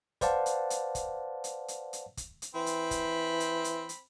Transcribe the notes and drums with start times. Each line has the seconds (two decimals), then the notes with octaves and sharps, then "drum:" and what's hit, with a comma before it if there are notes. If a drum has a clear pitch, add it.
0.21 B4 C5 D5 F5 F#5 A5, drum: kick, hi-hat
0.46 drum: hi-hat
0.70 drum: hi-hat
0.95 drum: kick, hi-hat
1.44 drum: hi-hat
1.68 drum: hi-hat
1.93 drum: hi-hat
2.17 drum: kick, hi-hat
2.42 drum: hi-hat
2.55 E3 C4 B5
2.66 drum: hi-hat
2.91 drum: kick, hi-hat
3.40 drum: hi-hat
3.64 drum: hi-hat
3.89 drum: hi-hat